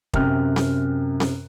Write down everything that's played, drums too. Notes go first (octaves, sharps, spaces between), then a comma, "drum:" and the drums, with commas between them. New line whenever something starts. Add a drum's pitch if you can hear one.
F#2 C3 G5 F6 F#6, drum: kick
drum: snare C4
drum: snare C4